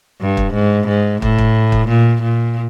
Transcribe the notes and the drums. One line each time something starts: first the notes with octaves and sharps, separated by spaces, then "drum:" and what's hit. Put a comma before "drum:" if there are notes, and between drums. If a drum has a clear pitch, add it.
G2
drum: kick
G#2
G#2
A2, drum: kick
drum: kick
drum: kick
A#2
A#2